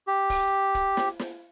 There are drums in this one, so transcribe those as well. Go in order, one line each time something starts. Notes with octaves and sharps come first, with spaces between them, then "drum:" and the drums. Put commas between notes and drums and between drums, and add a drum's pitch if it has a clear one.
G4
drum: kick, open hi-hat
drum: kick, hi-hat
drum: snare
drum: snare